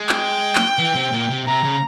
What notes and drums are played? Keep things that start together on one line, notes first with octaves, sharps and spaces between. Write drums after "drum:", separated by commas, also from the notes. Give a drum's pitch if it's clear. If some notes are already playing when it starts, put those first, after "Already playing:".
Already playing: G#3
G5, drum: clap
drum: clap
E3
C3
A#2
C3
C3 A#5
C#3